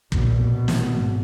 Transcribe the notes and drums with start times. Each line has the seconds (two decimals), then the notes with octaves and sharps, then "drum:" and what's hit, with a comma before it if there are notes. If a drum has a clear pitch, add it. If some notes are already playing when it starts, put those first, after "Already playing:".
0.12 A#1 B2, drum: kick
0.48 B2
0.68 drum: snare
0.90 G#1